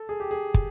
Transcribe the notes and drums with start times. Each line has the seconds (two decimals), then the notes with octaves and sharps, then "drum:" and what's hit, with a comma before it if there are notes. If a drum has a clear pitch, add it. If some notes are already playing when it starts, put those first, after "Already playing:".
Already playing: A4
0.09 G#4
0.20 G4
0.31 G#4
0.54 drum: kick